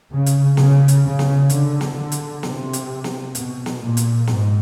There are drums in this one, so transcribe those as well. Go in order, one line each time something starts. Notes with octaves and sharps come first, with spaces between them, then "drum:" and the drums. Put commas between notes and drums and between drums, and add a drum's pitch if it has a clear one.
C#3
drum: hi-hat
C#3, drum: snare
drum: hi-hat
C#3
drum: snare
D3, drum: hi-hat
drum: snare
D3
drum: hi-hat
C3, drum: snare
drum: hi-hat
drum: snare
B2, drum: hi-hat
drum: snare
A#2
drum: hi-hat
G#2, drum: snare